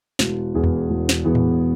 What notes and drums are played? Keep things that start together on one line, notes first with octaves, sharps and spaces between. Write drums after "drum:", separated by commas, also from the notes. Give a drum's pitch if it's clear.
E1, drum: snare
E2 E3 B3 G#4
drum: tom E2
E1
drum: snare
E2 E3 B3 G#4
drum: tom A2